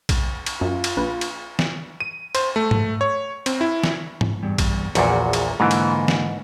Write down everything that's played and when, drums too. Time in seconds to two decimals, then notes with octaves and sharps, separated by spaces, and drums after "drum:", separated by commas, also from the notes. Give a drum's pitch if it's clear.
0.09 drum: kick A#1, cymbal
0.46 drum: cymbal
0.61 F#2 F4
0.84 drum: cymbal
0.97 A#1 B4
1.21 drum: cymbal
1.59 drum: snare
2.00 D#7
2.35 C5, drum: cymbal
2.56 A3
2.71 drum: tom G#2
3.01 C#5
3.46 C4, drum: cymbal
3.61 E4
3.84 drum: snare
4.21 drum: tom G#2
4.43 E2 G2
4.58 drum: kick A#1, cymbal
4.95 A#1 E2 A#2 F#4, drum: cymbal
5.33 drum: cymbal
5.60 G#2 D3 E3 A#3 F4
5.71 drum: cymbal
6.08 drum: snare